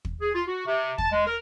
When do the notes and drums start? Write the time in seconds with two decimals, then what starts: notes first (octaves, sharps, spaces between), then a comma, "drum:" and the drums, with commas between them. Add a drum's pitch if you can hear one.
0.05 drum: kick
0.21 G#4
0.34 F4
0.48 F#4
0.66 C3
0.98 A5, drum: kick
1.12 G#3
1.27 A#4